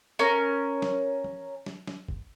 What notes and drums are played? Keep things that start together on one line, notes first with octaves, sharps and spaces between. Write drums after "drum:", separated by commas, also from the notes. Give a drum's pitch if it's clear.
C#4 A#4
drum: snare
drum: tom F3
drum: snare
drum: snare
drum: kick